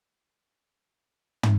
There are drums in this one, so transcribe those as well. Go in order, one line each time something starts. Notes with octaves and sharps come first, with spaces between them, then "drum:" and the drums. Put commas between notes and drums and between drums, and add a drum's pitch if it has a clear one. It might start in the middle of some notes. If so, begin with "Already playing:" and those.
F#4 G4 B4 D#5 B5
drum: tom